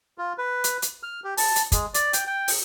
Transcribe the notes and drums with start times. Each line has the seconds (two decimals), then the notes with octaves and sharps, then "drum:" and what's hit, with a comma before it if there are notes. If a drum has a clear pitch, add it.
0.18 F4
0.38 B4
0.64 drum: hi-hat
0.82 drum: hi-hat
1.03 F6
1.24 G4
1.37 A5, drum: open hi-hat
1.56 drum: hi-hat
1.72 G#3, drum: kick, hi-hat
1.94 D5, drum: hi-hat
2.13 G5, drum: hi-hat
2.27 G5
2.48 drum: open hi-hat